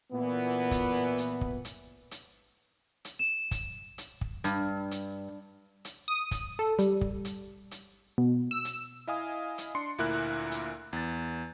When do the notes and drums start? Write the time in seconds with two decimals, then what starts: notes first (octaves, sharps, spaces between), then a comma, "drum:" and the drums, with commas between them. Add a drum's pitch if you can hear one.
0.11 A#2 E3 B3
0.71 drum: kick, hi-hat
1.18 drum: hi-hat
1.41 drum: kick
1.65 drum: hi-hat
2.11 drum: hi-hat
3.05 drum: hi-hat
3.19 E7
3.51 drum: kick, hi-hat
3.98 drum: hi-hat
4.21 drum: kick
4.44 G2, drum: hi-hat
4.91 drum: hi-hat
5.85 drum: hi-hat
6.08 D#6
6.31 drum: kick, hi-hat
6.59 A4
6.79 G3, drum: hi-hat
7.01 drum: kick
7.25 drum: hi-hat
7.71 drum: hi-hat
8.18 B2
8.51 E6
8.65 drum: hi-hat
9.07 E4 D#5 F5 G#5 D#6
9.58 drum: hi-hat
9.75 D4 C6 C#7
9.98 D2 A#2 E4 A#4 F#6
10.51 drum: hi-hat
10.93 E2 A6